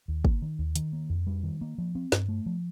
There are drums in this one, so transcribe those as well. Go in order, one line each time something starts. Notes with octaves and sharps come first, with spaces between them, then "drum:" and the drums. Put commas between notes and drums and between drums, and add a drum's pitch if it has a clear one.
D#2
A#3, drum: kick
D#3
D#2
D#3, drum: hi-hat
A#3
F2
G3
D#3
A#3
F3
C4
G2, drum: snare
A3
F3